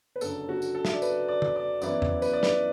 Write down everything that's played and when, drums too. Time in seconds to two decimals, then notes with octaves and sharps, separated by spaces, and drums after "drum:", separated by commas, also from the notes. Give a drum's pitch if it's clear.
0.16 B4
0.21 F#1 F#2 D3 A4, drum: tambourine
0.49 F#4
0.62 drum: tambourine
0.75 A4
0.85 E5, drum: snare
0.93 D5
1.02 B4, drum: tambourine
1.28 D5
1.42 drum: tom
1.56 D5
1.82 F#2 E3 B3 E4 D5, drum: tambourine
2.02 drum: tom E2
2.22 B4, drum: tambourine
2.33 D5
2.43 B4, drum: snare